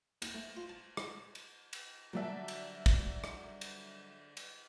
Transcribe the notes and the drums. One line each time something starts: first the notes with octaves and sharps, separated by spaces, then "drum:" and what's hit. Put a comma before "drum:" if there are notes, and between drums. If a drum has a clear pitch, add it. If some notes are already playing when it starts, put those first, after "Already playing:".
D#2, drum: cymbal
A3
F4
A5
drum: rim click
drum: cymbal
drum: cymbal
D3 F#3 G3 D4 E5 A5
drum: cymbal
drum: kick, cymbal
drum: rim click
drum: cymbal
drum: cymbal